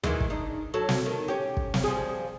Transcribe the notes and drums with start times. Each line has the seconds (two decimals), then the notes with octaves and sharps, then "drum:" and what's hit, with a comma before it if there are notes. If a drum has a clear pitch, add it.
0.04 D#3 E3 G#3, drum: tom D#2
0.21 drum: kick
0.30 D4 D#4
0.74 F#3 A4
0.89 drum: snare
1.06 D#3
1.28 C#4 G4
1.57 drum: kick
1.74 drum: snare
1.84 F3 G3 G#4